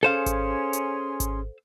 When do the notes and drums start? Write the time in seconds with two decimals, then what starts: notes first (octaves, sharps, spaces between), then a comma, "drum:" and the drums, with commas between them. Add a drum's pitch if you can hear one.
0.03 C#4 G#4 A4 C5 F5 C6
0.26 drum: kick G#1, hi-hat
0.73 drum: hi-hat
1.20 drum: kick G#1, hi-hat